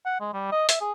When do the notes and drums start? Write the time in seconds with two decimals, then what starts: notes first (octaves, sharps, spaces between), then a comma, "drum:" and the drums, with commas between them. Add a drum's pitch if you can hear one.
0.06 F#5
0.21 G#3
0.34 G3
0.52 D#5
0.69 E5, drum: hi-hat
0.81 G#4